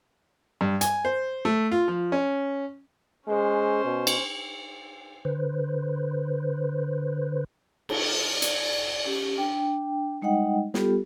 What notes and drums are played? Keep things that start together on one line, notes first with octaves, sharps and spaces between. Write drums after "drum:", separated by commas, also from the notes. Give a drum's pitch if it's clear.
G2
G#5, drum: hi-hat
C5
A3
F4
F3
C#4
G#3 C#4 C5
B2
drum: cymbal
D3 B4 C5
drum: cymbal
D5, drum: hi-hat
C#4 G4
D4 G5
G3 G#3 D#4 D#5 F#5 G5
G3 B3 F4 G4 A4, drum: snare